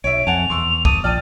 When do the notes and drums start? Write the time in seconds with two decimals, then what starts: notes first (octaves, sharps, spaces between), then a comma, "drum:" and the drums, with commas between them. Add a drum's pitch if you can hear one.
0.04 B1 C#5 E5 D7
0.27 F2 F#5 G#5 A5 F7
0.50 E2 C6 C#6 E6
0.85 A5 D6 D#6 D#7, drum: kick
1.04 A#1 F3 D5 G5 A5 F6